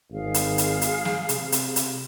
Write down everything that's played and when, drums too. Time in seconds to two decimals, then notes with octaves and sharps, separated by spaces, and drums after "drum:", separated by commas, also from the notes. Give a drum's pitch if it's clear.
0.12 G#1 G#4 F5
0.34 drum: hi-hat
0.58 drum: hi-hat
0.82 drum: hi-hat
1.05 drum: snare
1.29 C3, drum: hi-hat
1.52 drum: hi-hat
1.76 drum: hi-hat